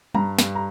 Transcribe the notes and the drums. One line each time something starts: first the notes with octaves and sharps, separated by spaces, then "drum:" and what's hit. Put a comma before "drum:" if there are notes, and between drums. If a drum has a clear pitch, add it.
G2 A#5, drum: tom G3
G2, drum: snare
A#5